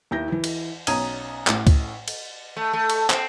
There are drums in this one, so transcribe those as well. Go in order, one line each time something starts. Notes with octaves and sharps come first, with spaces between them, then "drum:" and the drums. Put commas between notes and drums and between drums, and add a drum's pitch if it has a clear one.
D#2 E4 G6 A#6
E3 E4
drum: cymbal
B1 C#4 A#5 D#6 G#6 D#7, drum: cymbal
A1 A2, drum: clap
drum: kick C#2, cymbal
drum: cymbal
A3
A3
drum: cymbal
C4, drum: clap